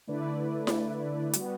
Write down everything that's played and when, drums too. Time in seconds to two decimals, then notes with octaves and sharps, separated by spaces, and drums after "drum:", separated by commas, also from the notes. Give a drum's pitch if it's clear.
0.07 D3 A3 E4 B4 D5
0.67 drum: snare E4
1.33 G3 B3 F#4, drum: hi-hat